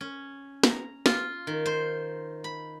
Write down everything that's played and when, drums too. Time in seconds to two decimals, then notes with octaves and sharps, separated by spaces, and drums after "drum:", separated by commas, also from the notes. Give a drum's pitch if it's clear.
0.01 C#4
0.63 A#5, drum: snare
1.06 F4, drum: snare
1.47 D#3
1.66 C5
2.44 B5